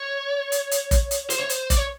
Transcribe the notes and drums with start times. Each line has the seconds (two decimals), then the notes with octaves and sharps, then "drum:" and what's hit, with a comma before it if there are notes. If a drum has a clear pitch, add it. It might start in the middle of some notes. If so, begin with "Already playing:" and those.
Already playing: C#5
0.52 drum: hi-hat
0.71 drum: hi-hat
0.91 drum: kick, hi-hat
1.11 drum: hi-hat
1.30 C5, drum: hi-hat
1.40 C#5
1.50 C5, drum: hi-hat
1.70 D5, drum: kick, hi-hat
1.77 C#5